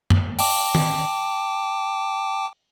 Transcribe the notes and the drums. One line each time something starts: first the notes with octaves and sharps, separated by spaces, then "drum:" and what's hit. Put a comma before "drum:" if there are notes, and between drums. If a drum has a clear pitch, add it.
drum: tom F#2
G5 A5 D6, drum: open hi-hat
drum: tom D#3